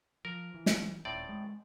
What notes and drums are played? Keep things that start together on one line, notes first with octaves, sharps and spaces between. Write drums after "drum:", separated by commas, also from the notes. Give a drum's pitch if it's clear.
F3 A#4
E3
drum: snare
D#1 A2 C4 D5
G#3